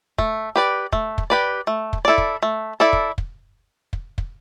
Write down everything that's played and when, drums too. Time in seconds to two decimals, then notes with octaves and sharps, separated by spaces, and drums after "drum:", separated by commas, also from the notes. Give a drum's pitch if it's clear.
0.18 A3, drum: kick
0.56 G4 B4 D5
0.93 A3, drum: kick
1.18 drum: kick
1.30 G4 B4 D5
1.67 A3
1.93 drum: kick
2.05 E4 A4 D5
2.18 drum: kick
2.43 A3
2.80 E4 A4 D5
2.93 drum: kick
3.18 drum: kick
3.93 drum: kick
4.18 drum: kick